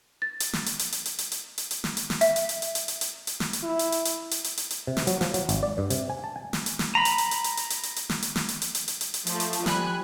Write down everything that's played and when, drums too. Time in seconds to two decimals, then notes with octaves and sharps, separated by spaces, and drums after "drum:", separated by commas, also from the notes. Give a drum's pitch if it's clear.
0.22 A6
0.40 drum: hi-hat
0.53 drum: snare
0.66 drum: hi-hat
0.79 drum: hi-hat
0.92 drum: hi-hat
1.05 drum: hi-hat
1.19 drum: hi-hat
1.32 drum: hi-hat
1.58 drum: hi-hat
1.71 drum: hi-hat
1.84 drum: snare
1.97 drum: hi-hat
2.10 drum: snare
2.21 E5, drum: hi-hat
2.36 drum: hi-hat
2.49 drum: hi-hat
2.62 drum: hi-hat
2.75 drum: hi-hat
2.88 drum: hi-hat
3.01 drum: hi-hat
3.27 drum: hi-hat
3.40 drum: snare
3.53 drum: hi-hat
3.63 E4
3.79 drum: hi-hat
3.92 drum: hi-hat
4.05 drum: hi-hat
4.31 drum: hi-hat
4.44 drum: hi-hat
4.57 drum: hi-hat
4.71 drum: hi-hat
4.87 C3
4.97 drum: snare
5.07 F#3, drum: hi-hat
5.21 F3, drum: snare
5.34 F#3, drum: hi-hat
5.49 G#1, drum: hi-hat
5.63 D5
5.78 G2
5.90 C3, drum: hi-hat
6.10 G#5
6.24 A5
6.36 G#5
6.53 drum: snare
6.66 drum: hi-hat
6.79 drum: snare
6.95 A#5 B5
7.05 drum: hi-hat
7.18 drum: hi-hat
7.31 drum: hi-hat
7.44 drum: hi-hat
7.57 drum: hi-hat
7.70 drum: hi-hat
7.83 drum: hi-hat
7.96 drum: hi-hat
8.09 drum: snare
8.22 drum: hi-hat
8.36 drum: snare
8.49 drum: hi-hat
8.62 drum: hi-hat
8.75 drum: hi-hat
8.88 drum: hi-hat
9.01 drum: hi-hat
9.14 drum: hi-hat
9.27 F3 A3, drum: hi-hat
9.40 drum: hi-hat
9.53 drum: hi-hat
9.66 F3 G3 G#5 B5 F#6, drum: snare